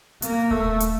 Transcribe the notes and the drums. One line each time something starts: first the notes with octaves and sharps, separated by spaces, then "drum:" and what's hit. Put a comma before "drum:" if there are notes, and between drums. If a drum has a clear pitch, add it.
A#3, drum: hi-hat
A3, drum: kick D#1
drum: hi-hat